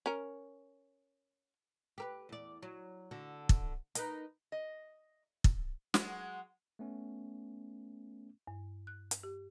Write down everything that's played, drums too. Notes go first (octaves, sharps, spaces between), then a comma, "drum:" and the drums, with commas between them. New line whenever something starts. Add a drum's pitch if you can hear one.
C#4 A#4
G4 A#4 B4
E2 D5
F#3
D3 F#4
drum: kick
D#4 A#4 B4, drum: hi-hat
D#5
drum: kick
F#3 G#3, drum: snare
A3 B3 C#4
G2
F#6
drum: hi-hat
G4